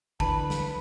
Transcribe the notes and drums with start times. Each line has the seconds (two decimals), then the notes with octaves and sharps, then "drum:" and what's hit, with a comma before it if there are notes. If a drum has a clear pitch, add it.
0.20 D2 D3 E3 B4 A5 B5, drum: kick
0.50 drum: snare